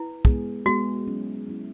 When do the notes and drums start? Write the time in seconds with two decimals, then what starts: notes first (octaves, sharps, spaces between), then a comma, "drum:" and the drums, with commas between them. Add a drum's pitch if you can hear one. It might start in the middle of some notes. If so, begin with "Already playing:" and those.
Already playing: E4 B4
0.25 G#3 B3 G#4, drum: kick
0.66 G#3 B3 F#4 G#4
1.07 F#3 C#4 E4
1.48 F#3 C#4 E4